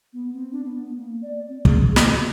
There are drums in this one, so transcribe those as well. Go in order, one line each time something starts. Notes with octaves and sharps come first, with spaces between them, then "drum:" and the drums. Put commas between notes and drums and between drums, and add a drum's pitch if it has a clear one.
B3
C4
D4
B3
B3
A#3
D5
C4
G#4, drum: kick
B3, drum: snare